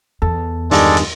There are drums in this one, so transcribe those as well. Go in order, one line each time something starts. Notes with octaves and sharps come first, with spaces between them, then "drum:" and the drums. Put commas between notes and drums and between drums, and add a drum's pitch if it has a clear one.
E2 A4
G2 D#3 G#3 A4 D5, drum: open hi-hat
drum: hi-hat